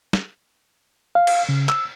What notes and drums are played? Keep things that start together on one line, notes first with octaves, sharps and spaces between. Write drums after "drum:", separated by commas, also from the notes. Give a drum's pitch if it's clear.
drum: snare
F5
drum: cymbal
C#3
E6, drum: clap